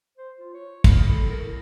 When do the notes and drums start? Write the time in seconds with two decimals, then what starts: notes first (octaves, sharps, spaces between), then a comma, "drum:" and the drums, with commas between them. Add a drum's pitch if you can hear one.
0.18 C5
0.38 F4
0.54 C#5
0.84 E4, drum: kick, cymbal
1.08 A4
1.30 A#4
1.46 E4